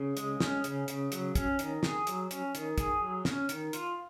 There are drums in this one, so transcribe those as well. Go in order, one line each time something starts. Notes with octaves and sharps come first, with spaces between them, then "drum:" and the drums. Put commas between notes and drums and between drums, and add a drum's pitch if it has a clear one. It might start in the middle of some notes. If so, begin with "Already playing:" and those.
Already playing: C#3
G#3, drum: hi-hat
C#4, drum: snare
C#3, drum: hi-hat
C#3, drum: hi-hat
F#3, drum: hi-hat
C#4, drum: kick, hi-hat
D#3, drum: hi-hat
G#4, drum: snare
F#3, drum: hi-hat
C#4, drum: hi-hat
D#3, drum: hi-hat
G#4, drum: kick, hi-hat
F#3
C#4, drum: snare
D#3, drum: hi-hat
F4, drum: hi-hat